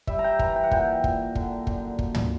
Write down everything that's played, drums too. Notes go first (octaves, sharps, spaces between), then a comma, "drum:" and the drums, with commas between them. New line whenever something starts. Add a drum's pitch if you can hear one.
G3 E5, drum: kick
A#5
G5
E3 A#5, drum: kick
G5
F#5
A#2 G5, drum: kick
A#2, drum: kick
D3, drum: kick
F#2, drum: kick
A#2, drum: kick
drum: tom